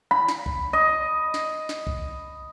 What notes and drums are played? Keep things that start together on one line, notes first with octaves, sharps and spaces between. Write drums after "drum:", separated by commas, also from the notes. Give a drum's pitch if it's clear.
B5
drum: snare
drum: kick B1
D#5
drum: snare
drum: snare
drum: kick B1